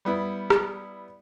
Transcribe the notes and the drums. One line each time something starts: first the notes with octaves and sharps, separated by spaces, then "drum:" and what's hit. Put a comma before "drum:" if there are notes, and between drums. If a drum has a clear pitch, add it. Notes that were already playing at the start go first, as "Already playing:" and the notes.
G3 B3 E4
drum: rim click